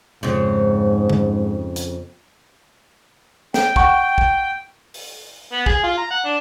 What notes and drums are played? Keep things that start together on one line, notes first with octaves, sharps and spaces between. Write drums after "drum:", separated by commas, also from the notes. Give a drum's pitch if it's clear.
F2 G#2 C#3
drum: tom
drum: hi-hat
G5, drum: snare
F#5 C#6, drum: kick
drum: kick
drum: open hi-hat
B3
G#4, drum: kick
F4
A#5
F#5
D4